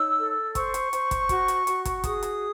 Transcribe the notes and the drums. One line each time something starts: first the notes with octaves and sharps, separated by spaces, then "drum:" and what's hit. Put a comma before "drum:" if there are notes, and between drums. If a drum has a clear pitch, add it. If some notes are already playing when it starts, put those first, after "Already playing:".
Already playing: D#4 C#5 E6
A4
C5 C#6, drum: kick, hi-hat
drum: hi-hat
C5, drum: hi-hat
drum: kick, hi-hat
F#4, drum: kick, hi-hat
drum: hi-hat
F#4, drum: hi-hat
drum: kick, hi-hat
G#4 D#6, drum: kick, hi-hat
drum: hi-hat